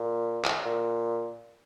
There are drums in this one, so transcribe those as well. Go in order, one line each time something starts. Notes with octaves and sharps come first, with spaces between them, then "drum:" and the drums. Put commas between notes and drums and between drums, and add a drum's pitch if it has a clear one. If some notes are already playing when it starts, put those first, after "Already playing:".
Already playing: A#2
drum: clap
A#2